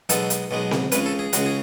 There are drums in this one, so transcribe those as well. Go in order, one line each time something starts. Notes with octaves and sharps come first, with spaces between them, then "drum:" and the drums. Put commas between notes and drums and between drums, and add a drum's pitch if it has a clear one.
B1 B2 G#3 B3 A4, drum: hi-hat
drum: hi-hat
B1 B2 G#3 B3
drum: snare C4
C#2 C#3 G#3 C#4 B4, drum: hi-hat
A4
G#4
C#2 C#3 G#3 C#4 F#4, drum: hi-hat
G#4